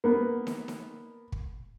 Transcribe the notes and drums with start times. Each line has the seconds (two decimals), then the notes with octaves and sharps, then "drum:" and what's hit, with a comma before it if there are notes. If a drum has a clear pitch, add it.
0.04 A#3 B3
0.47 drum: snare
0.68 drum: snare
1.32 drum: kick